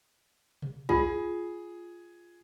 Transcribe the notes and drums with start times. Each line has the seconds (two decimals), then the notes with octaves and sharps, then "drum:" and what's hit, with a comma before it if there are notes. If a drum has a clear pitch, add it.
0.62 drum: tom B2
0.89 F4 G#4, drum: kick B1